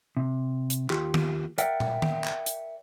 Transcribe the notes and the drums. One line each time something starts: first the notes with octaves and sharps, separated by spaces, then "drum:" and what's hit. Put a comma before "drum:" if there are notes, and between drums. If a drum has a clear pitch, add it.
C3
drum: hi-hat
D#2 F4 G4, drum: clap
drum: tom
A#4 D5 E5 F#5 G5, drum: hi-hat
drum: tom
drum: tom
drum: clap
drum: hi-hat